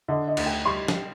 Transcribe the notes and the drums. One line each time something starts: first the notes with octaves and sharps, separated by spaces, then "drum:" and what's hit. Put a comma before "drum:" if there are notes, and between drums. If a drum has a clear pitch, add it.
D3 D#5
D#5
D2, drum: cymbal
G5
G3 C6
drum: snare